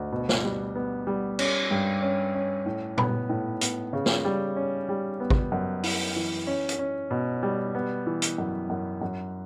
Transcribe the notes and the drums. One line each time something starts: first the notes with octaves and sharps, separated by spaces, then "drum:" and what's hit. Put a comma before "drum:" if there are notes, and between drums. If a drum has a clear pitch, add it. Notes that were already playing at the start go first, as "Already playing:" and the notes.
Already playing: D2
B2
drum: snare
G3
B3
G3
C#4, drum: cymbal
G2
C#4
C#4
A2
B3, drum: tom A#2
A2
B3, drum: hi-hat
C#3
drum: snare
G3
C#4
G3
B3
drum: kick
F#2
E4, drum: open hi-hat
E3
C#4
drum: hi-hat
C#4
B2
G3
B3
E3
drum: hi-hat
F#2
F#2
F#2